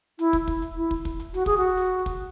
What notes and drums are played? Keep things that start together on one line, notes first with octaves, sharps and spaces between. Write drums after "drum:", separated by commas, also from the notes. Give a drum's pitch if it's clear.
E4, drum: hi-hat
drum: kick, hi-hat
drum: kick, hi-hat
drum: hi-hat
E4
drum: kick
drum: kick, hi-hat
drum: hi-hat
F#4, drum: hi-hat
G#4, drum: kick, hi-hat
F#4
drum: hi-hat
drum: kick, hi-hat